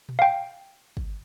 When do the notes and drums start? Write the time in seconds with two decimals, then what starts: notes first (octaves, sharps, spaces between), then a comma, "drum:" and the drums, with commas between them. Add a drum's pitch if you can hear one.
0.09 drum: tom A#2
0.19 F5 G5
0.97 drum: kick